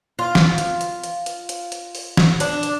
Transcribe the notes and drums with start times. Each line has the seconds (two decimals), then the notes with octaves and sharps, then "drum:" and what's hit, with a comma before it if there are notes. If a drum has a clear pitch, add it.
0.19 F4
0.35 drum: snare
0.58 drum: hi-hat
0.81 drum: hi-hat
1.04 drum: hi-hat
1.26 drum: hi-hat
1.49 drum: hi-hat
1.72 drum: hi-hat
1.95 drum: open hi-hat
2.17 drum: snare
2.40 D4, drum: hi-hat
2.63 drum: hi-hat